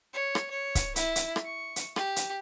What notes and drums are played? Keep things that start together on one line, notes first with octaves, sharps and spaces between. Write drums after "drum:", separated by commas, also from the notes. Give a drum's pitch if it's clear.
C#5
drum: rim click
C#5
drum: kick C#1, hi-hat
E4, drum: hi-hat
drum: hi-hat
drum: rim click
C#6
drum: hi-hat
G4, drum: rim click
drum: hi-hat